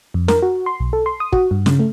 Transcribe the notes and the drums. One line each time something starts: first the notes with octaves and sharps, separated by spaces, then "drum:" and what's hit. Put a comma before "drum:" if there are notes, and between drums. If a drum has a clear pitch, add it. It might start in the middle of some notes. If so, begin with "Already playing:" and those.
F2
A#4, drum: snare
F#4
C6
B1
A4
C6
D#6
F#4, drum: kick
G2
C#3, drum: snare
A3